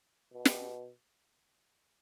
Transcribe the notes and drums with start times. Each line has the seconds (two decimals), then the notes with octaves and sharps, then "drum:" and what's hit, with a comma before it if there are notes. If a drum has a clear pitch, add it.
0.33 B2
0.45 drum: snare